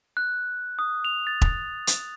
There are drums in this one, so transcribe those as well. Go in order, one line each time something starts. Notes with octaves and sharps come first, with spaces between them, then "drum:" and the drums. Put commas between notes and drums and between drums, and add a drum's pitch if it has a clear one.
F#6
D#6
F7
A6
drum: kick E1
drum: hi-hat